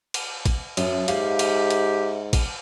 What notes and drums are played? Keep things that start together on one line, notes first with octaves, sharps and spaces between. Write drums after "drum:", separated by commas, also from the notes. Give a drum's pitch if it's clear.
drum: cymbal
drum: kick, cymbal
F#2 E5, drum: cymbal
G#2 G4 F5, drum: cymbal
drum: cymbal
drum: cymbal
drum: kick, cymbal